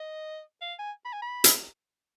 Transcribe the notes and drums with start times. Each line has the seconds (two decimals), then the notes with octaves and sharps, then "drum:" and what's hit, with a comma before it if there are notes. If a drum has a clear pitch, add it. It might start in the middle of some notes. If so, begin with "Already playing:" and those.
Already playing: D#5
0.61 F5
0.79 G#5
1.05 B5
1.13 G#5
1.22 B5
1.44 drum: hi-hat